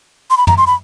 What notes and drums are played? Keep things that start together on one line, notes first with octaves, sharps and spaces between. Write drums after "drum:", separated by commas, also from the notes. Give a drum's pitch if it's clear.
C6
B5
A#5, drum: tom
C6
B5